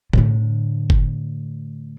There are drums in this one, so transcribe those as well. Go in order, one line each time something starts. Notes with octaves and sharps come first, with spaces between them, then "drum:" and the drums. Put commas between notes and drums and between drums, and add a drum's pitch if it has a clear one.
A2 D3, drum: tom B2
drum: kick F#1